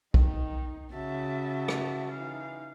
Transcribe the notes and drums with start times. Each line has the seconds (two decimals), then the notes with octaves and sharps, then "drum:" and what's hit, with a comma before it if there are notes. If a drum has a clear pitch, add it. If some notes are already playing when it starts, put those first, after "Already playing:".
0.14 D#3 D#4, drum: kick B1
0.94 C#3 F#4 E5 A5
1.68 drum: rim click
2.11 E3 D#4 F5